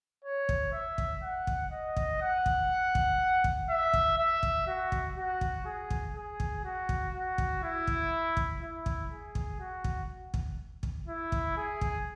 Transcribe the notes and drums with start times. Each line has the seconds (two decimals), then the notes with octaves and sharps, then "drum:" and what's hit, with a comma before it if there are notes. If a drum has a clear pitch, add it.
0.24 C#5
0.49 drum: kick
0.73 E5
0.98 drum: kick
1.23 F#5
1.47 drum: kick
1.72 D#5
1.97 drum: kick
2.21 F#5
2.46 drum: kick
2.95 drum: kick
3.44 drum: kick
3.69 E5
3.93 drum: kick
4.18 E5
4.43 drum: kick
4.67 F#4
4.92 drum: kick
5.17 F#4
5.41 drum: kick
5.65 G#4
5.90 drum: kick
6.15 G#4
6.40 drum: kick
6.64 F#4
6.89 drum: kick
7.14 F#4
7.38 drum: kick
7.63 E4
7.87 drum: kick
8.37 drum: kick
8.61 E4
8.86 drum: kick
9.11 G#4
9.35 drum: kick
9.59 F#4
9.84 drum: kick
10.34 drum: kick
10.83 drum: kick
11.08 E4
11.32 drum: kick
11.57 G#4
11.81 drum: kick